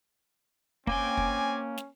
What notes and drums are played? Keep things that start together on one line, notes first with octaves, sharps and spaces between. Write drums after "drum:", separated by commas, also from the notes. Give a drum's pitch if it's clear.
A#3 C4 C#4 G5 G#5 D6, drum: kick
drum: kick
drum: snare